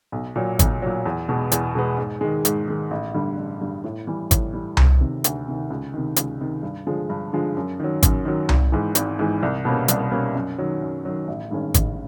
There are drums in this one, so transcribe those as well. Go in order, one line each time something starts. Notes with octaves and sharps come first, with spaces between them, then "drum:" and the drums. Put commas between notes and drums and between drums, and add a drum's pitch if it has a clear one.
B1
A#2 F#3
B1, drum: kick G#1, hi-hat
A#2 F#3
E2
B2 G#3 B3
E2, drum: hi-hat
B2 G#3 B3
G#2
D#3 G#3
G#2, drum: hi-hat
D#3 G#3
A1
G2 D3 G3
A1
G2 D3 G3
A2
E3 G3
A2, drum: kick G#1, hi-hat
E3 G3
D2, drum: tom C2
C3 D#3
D2, drum: hi-hat
C3 D#3
C#2
C3 D#3
C#2, drum: hi-hat
C3 D#3
G2
D3 F3 G#3
G2
D3 F3 G#3
F#2
D#3 F#3
F#2, drum: kick G#1, hi-hat
D#3 F#3
G#1, drum: tom C2
G#2 E3
G#1, drum: hi-hat
G#2 E3
C2
B2 G3 A#3 C#4
C2, drum: hi-hat
B2 G3 A#3 C#4
F#2
D#3 F#3
F#2
D#3 F#3
A1
G2 D#3 G#3 C#4
A1, drum: kick G#1, hi-hat